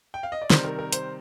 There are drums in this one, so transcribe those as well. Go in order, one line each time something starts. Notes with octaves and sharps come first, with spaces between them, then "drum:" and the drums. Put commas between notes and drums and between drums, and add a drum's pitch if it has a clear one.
G5
F5
D#5
D5
C3 D#3 G3 C5, drum: snare
A#4
A#4
C5, drum: hi-hat